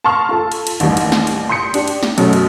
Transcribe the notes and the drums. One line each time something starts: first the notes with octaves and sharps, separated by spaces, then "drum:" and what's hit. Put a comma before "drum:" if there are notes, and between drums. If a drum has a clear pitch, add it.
A5 A#5 C6 C#6 F6
F4 A4 A5
drum: cymbal
drum: cymbal
A1 D#2 D#3 G3, drum: cymbal
drum: cymbal
drum: snare
drum: cymbal
C6 D#6 G6 C#7
D4 G4, drum: cymbal
drum: cymbal
drum: snare
F#2 B2 A3 C#4, drum: cymbal
drum: cymbal